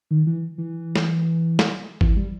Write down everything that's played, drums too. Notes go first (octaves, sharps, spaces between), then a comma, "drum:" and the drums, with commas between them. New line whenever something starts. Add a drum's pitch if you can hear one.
D#3
E3
E3
drum: snare
drum: snare
E3, drum: kick G#1
G3